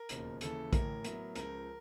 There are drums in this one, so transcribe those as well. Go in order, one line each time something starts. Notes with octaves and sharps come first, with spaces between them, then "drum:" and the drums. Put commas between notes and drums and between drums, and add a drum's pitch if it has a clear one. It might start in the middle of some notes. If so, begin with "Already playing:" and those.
Already playing: A#4
E1 D#2 C#3 F3, drum: hi-hat
D#2 C#3 E3 A4, drum: hi-hat
A1 A2 E3 A#4, drum: kick, hi-hat
A2 F#3 B3 E4, drum: hi-hat
C#2 C#3 F3 A#4, drum: hi-hat